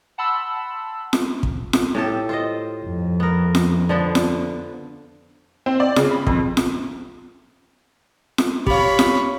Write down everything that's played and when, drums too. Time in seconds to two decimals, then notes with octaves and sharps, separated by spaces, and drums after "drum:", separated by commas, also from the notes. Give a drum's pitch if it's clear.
0.18 F#5 A5 B5 C6 E6
1.13 drum: snare
1.43 drum: kick
1.73 drum: snare
1.95 A2 G4 A4
2.29 F4 C5 D#5
2.85 F2
3.20 B3 A#4
3.55 drum: snare
3.89 D3 F3 B3
4.15 drum: snare
5.66 C4
5.80 D5
5.96 C#3, drum: snare
6.11 B5
6.27 F2, drum: kick
6.57 drum: snare
8.38 drum: snare
8.67 G4 C#5 F5 B5, drum: kick
8.99 drum: snare